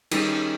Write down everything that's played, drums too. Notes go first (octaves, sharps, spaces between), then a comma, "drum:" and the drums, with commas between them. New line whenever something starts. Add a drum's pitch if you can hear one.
D#3 G3 C#4 G#4, drum: cymbal